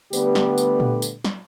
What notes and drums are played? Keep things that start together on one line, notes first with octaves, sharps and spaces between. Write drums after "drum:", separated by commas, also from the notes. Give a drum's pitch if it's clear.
D3 G3 A3 B3 G4 B4, drum: tambourine
drum: snare
drum: tambourine
drum: tom A#2
drum: tambourine
drum: snare